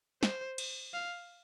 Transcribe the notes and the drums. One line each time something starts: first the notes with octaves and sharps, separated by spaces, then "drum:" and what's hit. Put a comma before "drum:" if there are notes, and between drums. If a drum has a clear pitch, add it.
C5, drum: snare
drum: cymbal
F5